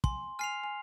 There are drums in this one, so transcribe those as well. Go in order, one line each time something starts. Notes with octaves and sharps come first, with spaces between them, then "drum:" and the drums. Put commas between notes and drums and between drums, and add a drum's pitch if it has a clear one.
G#5 C6, drum: kick
G#5 F6 C7 F7
G#5